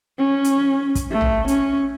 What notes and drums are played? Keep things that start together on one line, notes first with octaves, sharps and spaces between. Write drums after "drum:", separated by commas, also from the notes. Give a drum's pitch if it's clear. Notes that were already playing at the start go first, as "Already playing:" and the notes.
C#4
drum: hi-hat
drum: kick, hi-hat
A3
drum: tom A1
C#4, drum: hi-hat